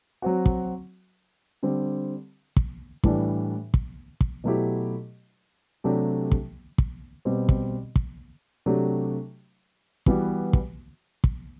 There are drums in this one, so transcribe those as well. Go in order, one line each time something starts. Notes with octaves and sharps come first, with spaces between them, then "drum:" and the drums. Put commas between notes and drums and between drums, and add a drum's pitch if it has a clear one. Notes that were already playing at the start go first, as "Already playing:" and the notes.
F#3 C4 F#4
drum: kick
D3 G3 C4
drum: kick
A2 E3 G3 D4, drum: kick
drum: kick
drum: kick
B2 F#3 A3 E4 G4
C3 F#3 A3 D4 G4
drum: kick
drum: kick
B2 G3 C4
drum: kick
drum: kick
C3 F#3 A3 D4 G4
E3 G3 B3 F#4, drum: kick
drum: kick
drum: kick